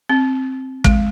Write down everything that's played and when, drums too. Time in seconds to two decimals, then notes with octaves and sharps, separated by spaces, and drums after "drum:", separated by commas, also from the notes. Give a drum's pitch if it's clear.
0.09 C4
0.84 G#3, drum: kick